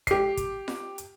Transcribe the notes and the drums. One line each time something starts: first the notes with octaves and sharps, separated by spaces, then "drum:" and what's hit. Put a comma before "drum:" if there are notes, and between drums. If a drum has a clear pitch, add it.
G4 C7, drum: kick, hi-hat
drum: kick, hi-hat
drum: snare F4
drum: hi-hat